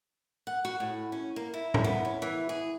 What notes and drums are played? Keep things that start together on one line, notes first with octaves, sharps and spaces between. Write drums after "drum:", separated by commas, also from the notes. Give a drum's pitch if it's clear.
F#5
F#4
A2
C#4
A#3
E4
drum: tom A2
B3
C#4
E3
G#4